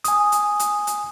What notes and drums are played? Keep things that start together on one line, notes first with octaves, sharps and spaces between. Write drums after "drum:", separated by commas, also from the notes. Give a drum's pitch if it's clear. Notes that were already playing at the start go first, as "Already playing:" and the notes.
G#5 D#6, drum: hi-hat
drum: hi-hat
drum: hi-hat
drum: hi-hat